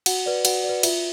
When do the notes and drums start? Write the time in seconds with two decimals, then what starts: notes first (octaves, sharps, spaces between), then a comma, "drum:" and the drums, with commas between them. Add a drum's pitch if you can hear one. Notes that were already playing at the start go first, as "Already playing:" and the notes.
0.06 F#4 F#5, drum: cymbal
0.26 B4 D5
0.45 F#4 F#5, drum: cymbal
0.64 D5
0.69 B4
0.83 F4 E5, drum: cymbal